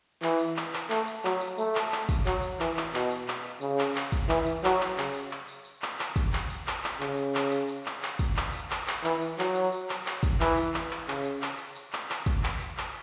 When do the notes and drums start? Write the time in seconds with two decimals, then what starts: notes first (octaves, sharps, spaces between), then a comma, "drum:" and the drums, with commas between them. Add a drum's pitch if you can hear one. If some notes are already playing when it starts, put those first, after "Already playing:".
0.22 E3, drum: clap
0.39 drum: tambourine
0.56 drum: clap
0.73 drum: clap
0.90 A3, drum: clap
1.07 drum: tambourine
1.24 F#3, drum: clap
1.41 drum: tambourine
1.58 A3, drum: tambourine
1.75 drum: clap
1.92 drum: clap
2.09 drum: kick, tambourine
2.26 F#3, drum: clap
2.43 drum: tambourine
2.60 E3, drum: clap
2.77 drum: clap
2.94 B2, drum: clap
3.11 drum: tambourine
3.28 drum: clap
3.61 C#3, drum: tambourine
3.78 drum: clap
3.95 drum: clap
4.12 drum: kick, tambourine
4.29 E3, drum: clap
4.46 drum: tambourine
4.64 F#3, drum: clap
4.80 drum: clap
4.97 C#3, drum: clap
5.14 drum: tambourine
5.31 drum: clap
5.48 drum: tambourine
5.65 drum: tambourine
5.82 drum: clap
5.99 drum: clap
6.16 drum: kick, tambourine
6.33 drum: clap
6.50 drum: tambourine
6.67 drum: clap
6.84 drum: clap
7.00 C#3, drum: clap
7.18 drum: tambourine
7.35 drum: clap
7.52 drum: tambourine
7.68 drum: tambourine
7.85 drum: clap
8.02 drum: clap
8.19 drum: kick, tambourine
8.36 drum: clap
8.53 drum: tambourine
8.70 drum: clap
8.87 drum: clap
9.04 E3, drum: clap
9.21 drum: tambourine
9.39 F#3, drum: clap
9.55 drum: tambourine
9.72 drum: tambourine
9.89 drum: clap
10.06 drum: clap
10.23 drum: kick, tambourine
10.40 E3, drum: clap
10.57 drum: tambourine
10.74 drum: clap
10.91 drum: clap
11.08 C#3, drum: clap
11.25 drum: tambourine
11.42 drum: clap
11.59 drum: tambourine
11.75 drum: tambourine
11.92 drum: clap
12.09 drum: clap
12.26 drum: kick, tambourine
12.43 drum: clap
12.60 drum: tambourine
12.77 drum: clap